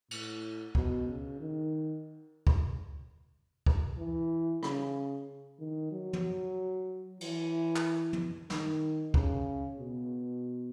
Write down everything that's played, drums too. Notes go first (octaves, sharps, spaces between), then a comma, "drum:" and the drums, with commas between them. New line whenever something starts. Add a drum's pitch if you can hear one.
A2, drum: cymbal
B2, drum: kick
C#3
D#3
drum: kick
drum: kick
E3
C#3, drum: rim click
D#3
F#3
drum: tom
E3, drum: cymbal
drum: clap
drum: tom
D#3, drum: snare
C#3, drum: kick
B2